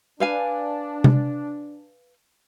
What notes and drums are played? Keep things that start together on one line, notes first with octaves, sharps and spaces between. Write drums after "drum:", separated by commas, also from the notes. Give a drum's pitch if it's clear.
D4 B4 F5 G#5
drum: tom C3